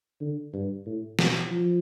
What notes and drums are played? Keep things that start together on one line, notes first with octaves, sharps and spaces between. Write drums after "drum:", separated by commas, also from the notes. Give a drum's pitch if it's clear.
D3
G2
A2
B2, drum: snare
F3